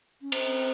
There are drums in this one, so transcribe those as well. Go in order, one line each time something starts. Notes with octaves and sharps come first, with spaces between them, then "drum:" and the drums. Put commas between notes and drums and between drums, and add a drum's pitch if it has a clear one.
C#4
C4, drum: cymbal